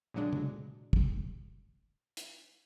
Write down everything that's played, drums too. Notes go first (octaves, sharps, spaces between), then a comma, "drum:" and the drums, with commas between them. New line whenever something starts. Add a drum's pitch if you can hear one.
A#2 D3 F#3 G#3 D4
drum: tom C#3
drum: kick
drum: hi-hat